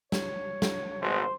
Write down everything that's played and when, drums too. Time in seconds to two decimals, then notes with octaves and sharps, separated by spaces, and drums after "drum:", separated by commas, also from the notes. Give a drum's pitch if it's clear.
0.12 C#5, drum: snare
0.62 drum: snare
1.02 G#1 G#2 B2 C5